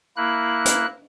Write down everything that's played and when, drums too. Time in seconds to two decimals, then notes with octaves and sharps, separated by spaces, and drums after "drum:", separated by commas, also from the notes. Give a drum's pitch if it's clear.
0.17 A#3 E4 F#6
0.65 drum: hi-hat